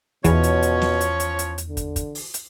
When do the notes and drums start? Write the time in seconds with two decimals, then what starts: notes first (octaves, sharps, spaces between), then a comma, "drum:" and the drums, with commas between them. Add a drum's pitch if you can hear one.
0.24 E2 B2 E3 F3 C#4 C#5, drum: kick, hi-hat
0.43 drum: hi-hat
0.62 drum: hi-hat
0.82 drum: snare
1.01 drum: hi-hat
1.20 drum: hi-hat
1.39 drum: hi-hat
1.58 drum: hi-hat
1.68 D3
1.77 drum: kick, hi-hat
1.96 drum: kick, hi-hat
2.15 drum: open hi-hat
2.34 drum: hi-hat